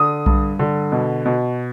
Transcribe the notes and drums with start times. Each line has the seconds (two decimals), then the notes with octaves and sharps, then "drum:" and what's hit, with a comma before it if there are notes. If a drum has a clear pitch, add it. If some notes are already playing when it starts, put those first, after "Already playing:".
Already playing: D3 D#6
0.26 G2, drum: kick B1
0.59 D3
0.92 B2
1.25 B2